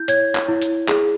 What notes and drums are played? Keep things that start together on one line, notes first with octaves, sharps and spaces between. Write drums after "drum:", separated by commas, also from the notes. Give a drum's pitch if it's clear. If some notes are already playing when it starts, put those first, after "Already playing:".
Already playing: E4 G6
C#5 G#6, drum: hi-hat
drum: clap
E4
drum: hi-hat
G#4, drum: clap